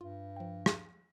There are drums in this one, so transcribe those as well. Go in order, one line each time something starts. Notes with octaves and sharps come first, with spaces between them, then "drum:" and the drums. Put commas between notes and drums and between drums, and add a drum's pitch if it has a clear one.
G2 F4
F3 G5
drum: rim click